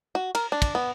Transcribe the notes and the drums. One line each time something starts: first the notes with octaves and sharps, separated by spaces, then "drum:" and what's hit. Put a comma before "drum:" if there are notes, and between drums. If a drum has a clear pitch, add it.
F#4
A#4, drum: cymbal
D4
drum: kick, cymbal
B3